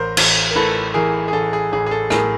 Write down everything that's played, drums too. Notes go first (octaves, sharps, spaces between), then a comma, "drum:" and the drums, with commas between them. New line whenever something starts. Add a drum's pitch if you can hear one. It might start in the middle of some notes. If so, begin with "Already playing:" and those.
Already playing: A1 A#4 C5
A1, drum: cymbal
A#4
A2 A4 B4
E3 G#4 A#4
G#4
A1 A4
G#4
A1 G#4
G#4
A4
A2 G#4 A#4, drum: rim click